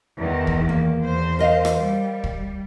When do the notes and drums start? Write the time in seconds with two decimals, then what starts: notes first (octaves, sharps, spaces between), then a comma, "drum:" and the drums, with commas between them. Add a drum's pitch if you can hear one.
0.18 E2 D#3
0.47 drum: kick
0.69 A#3
1.03 E2 C5
1.39 A#4 D#5 F5
1.65 drum: rim click
1.77 G3
2.24 drum: kick